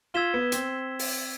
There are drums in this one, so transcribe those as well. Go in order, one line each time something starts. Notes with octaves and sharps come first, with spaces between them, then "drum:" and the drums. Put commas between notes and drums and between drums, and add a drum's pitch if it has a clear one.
F4 E6 G#6 B6 E7 G7
B3
C4, drum: hi-hat
drum: open hi-hat